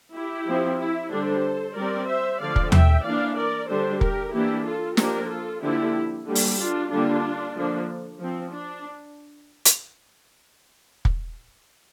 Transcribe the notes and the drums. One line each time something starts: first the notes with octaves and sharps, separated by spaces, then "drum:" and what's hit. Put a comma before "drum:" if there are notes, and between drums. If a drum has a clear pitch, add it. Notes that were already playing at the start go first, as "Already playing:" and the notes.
E4 G4
F3 C4
E4
D3 G3 D4 A4 C5
G3 C4 A#4 D5
C5 E5
D3 F3 A3 D5 F5
drum: kick
E5 G5, drum: tom D#2
E3 A#3 D4 D5 F5
A#4 D5
D3 G3 D4 A4 C5
G4 A#4, drum: kick
E3 A#3 D4 E4 G4
F4 A4
F3 A#3 D4 G4 A#4, drum: snare
F4 A4
D3 F3 A#3 D4 E4 G4
D3 G3 A#3
drum: open hi-hat
D4 F4
D3 G3 A#3 D4 F4
D3 F3 A#3 D4
F3 C4
D4
drum: hi-hat
drum: kick